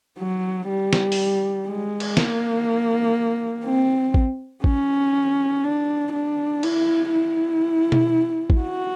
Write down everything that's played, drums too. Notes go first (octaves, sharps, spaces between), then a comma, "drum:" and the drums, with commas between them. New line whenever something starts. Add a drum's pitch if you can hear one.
F#3
G3
drum: snare
drum: open hi-hat
G#3
drum: cymbal
A#3, drum: snare
C4
drum: kick A1
C#4, drum: kick A1
D4
D4
E4, drum: cymbal
E4
drum: tom B2
drum: kick A1
F#4